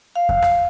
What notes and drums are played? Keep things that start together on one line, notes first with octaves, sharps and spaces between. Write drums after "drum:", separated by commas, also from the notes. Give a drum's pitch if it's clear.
F5
drum: kick F2
drum: rim click